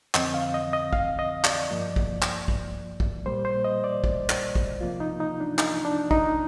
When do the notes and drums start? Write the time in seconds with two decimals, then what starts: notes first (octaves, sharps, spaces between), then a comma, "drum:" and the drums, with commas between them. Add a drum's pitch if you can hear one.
0.15 F2 D3 F3 C4 D#5, drum: clap
0.34 F5
0.54 D#5
0.73 D#5
0.93 F5, drum: kick
1.19 D#5
1.44 D5, drum: clap
1.70 G2 F3 A#3
1.96 drum: kick
2.22 drum: clap
2.48 drum: kick
3.00 drum: kick
3.26 A#2 G3 A#3 C5
3.45 C5
3.64 D#5
3.84 D5
4.04 drum: kick
4.30 drum: clap
4.55 drum: kick
4.81 C2 C3 F3 A#3 F4
5.00 D#4
5.20 D#4
5.40 D4
5.59 D#4, drum: clap
5.85 D4
6.11 D#4, drum: kick